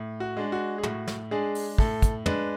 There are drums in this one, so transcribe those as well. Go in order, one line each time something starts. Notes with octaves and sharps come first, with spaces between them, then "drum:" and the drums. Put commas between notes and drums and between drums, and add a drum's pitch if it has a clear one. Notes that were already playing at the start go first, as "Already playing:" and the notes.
Already playing: A2
F#4
G#3 D4
F#4
G#4
A2 F#4, drum: tom
drum: snare
G#3 D4 G#4
drum: open hi-hat
A2 A4, drum: kick
drum: kick, hi-hat
G#3 D4 B4, drum: tom